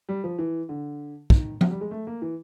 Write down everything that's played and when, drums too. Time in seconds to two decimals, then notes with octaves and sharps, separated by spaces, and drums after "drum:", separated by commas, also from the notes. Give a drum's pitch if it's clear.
0.09 G3
0.24 F3
0.39 E3
0.69 D3
1.30 D#3, drum: kick
1.61 F#3, drum: tom F3
1.71 G3
1.81 G#3
1.91 A3
2.07 A#3
2.22 E3